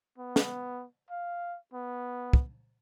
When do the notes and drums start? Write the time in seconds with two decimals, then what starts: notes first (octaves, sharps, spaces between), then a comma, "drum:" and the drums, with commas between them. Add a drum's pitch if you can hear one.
0.18 B3
0.36 drum: snare
1.11 F5
1.74 B3
2.33 drum: kick